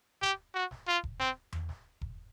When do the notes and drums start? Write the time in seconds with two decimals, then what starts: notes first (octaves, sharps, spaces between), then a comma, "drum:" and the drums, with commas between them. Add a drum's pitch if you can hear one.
0.22 G4, drum: snare
0.55 F#4
0.71 drum: snare
0.88 F4
1.04 drum: kick E1
1.20 C4, drum: snare
1.53 drum: tom E2
1.69 drum: snare
2.01 drum: kick E1